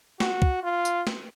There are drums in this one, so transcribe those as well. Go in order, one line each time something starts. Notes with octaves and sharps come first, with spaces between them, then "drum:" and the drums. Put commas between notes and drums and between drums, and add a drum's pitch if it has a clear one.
F#4, drum: snare
drum: kick
F4
drum: tambourine
drum: snare